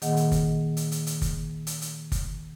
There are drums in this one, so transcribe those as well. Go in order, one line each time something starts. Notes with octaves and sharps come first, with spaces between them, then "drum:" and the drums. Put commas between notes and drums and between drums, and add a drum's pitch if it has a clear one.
A#2 D#3 A#3 G#4 D#5 F#5, drum: hi-hat
drum: hi-hat
drum: kick, hi-hat
drum: hi-hat
drum: hi-hat
drum: hi-hat
drum: kick, hi-hat
drum: hi-hat
drum: hi-hat
drum: kick, hi-hat